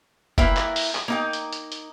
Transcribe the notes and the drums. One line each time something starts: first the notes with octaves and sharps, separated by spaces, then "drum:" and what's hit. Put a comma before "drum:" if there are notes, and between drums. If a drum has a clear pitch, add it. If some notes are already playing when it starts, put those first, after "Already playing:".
A#3 E4 B4 E5 G5, drum: kick F#1, hi-hat
drum: clap
drum: open hi-hat
drum: clap
A#3 D#4 G5
drum: hi-hat
drum: hi-hat
drum: hi-hat